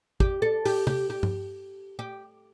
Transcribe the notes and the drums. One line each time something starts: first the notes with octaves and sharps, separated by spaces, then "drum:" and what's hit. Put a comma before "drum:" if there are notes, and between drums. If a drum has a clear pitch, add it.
G4, drum: kick
A4
G4, drum: open hi-hat
G4, drum: tom C3
G4
drum: tom G2
G4